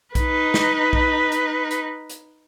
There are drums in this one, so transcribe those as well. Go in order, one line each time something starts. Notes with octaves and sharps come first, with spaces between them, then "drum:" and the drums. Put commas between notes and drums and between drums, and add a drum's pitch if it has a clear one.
D#4 B4, drum: kick B1, hi-hat
drum: snare
drum: kick B1
drum: hi-hat
drum: hi-hat
drum: hi-hat